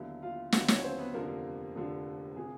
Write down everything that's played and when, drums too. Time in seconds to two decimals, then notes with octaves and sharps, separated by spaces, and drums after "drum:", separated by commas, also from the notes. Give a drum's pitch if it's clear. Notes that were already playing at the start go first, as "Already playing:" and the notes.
Already playing: D#2 D3 F#3 B3 E4 E5
0.22 F4 F5
0.52 D#2 D3 F#3 B3 F#4 F#5, drum: snare
0.68 C#4 C#5, drum: snare
0.84 C4 C5
0.98 B3 B4
1.14 F1 F2 D3 F3 A#3 A#4
1.75 F1 F2 D3 F3
2.36 C3 F3 G#4